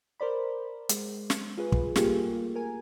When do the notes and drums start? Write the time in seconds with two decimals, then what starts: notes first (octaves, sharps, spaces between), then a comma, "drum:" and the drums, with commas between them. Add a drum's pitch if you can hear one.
0.20 A#4 C5 D5 B5
0.89 G#3, drum: hi-hat
1.30 drum: snare
1.57 F4 G#4 B4
1.72 drum: kick
1.96 G3 A3 A#3 F4 G4 G#4, drum: snare
2.56 A#4 G#5